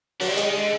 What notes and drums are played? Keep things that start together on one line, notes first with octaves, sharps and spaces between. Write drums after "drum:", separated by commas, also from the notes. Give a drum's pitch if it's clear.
D3 F#3, drum: open hi-hat
G3
D#3
G#3, drum: hi-hat
D#3 G3
D3 G#3